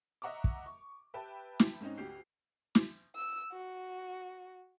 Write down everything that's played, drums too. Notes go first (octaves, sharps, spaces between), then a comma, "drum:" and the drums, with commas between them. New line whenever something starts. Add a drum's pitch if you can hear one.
D#5 E5 F#5 A#5 C#6 D6
drum: kick
C#6
G4 B4 E5 G5 A5
drum: snare
G#2 C4 C#4 D#4
D2 G4 C7
drum: snare
E6
F#4